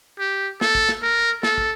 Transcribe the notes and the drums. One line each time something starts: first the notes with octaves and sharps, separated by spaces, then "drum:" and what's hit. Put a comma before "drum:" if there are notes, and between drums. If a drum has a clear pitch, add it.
G4
A4, drum: snare
drum: kick
drum: snare
A#4
A4, drum: snare
drum: kick